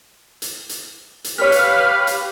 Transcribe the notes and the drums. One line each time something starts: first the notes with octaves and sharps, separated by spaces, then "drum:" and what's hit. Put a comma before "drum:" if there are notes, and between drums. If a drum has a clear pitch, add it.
drum: hi-hat
drum: hi-hat
drum: hi-hat
G4 B4 C#5 F5 F6 B6
drum: hi-hat
drum: hi-hat